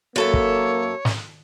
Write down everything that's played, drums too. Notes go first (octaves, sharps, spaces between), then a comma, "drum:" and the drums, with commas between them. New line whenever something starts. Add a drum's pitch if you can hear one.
F#2 A#3 A4 C#5 E5
drum: kick
drum: snare